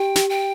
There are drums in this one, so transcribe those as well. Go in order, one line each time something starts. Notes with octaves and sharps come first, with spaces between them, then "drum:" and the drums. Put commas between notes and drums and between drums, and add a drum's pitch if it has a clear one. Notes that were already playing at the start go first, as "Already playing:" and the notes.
Already playing: G4 G5
G4, drum: snare
G5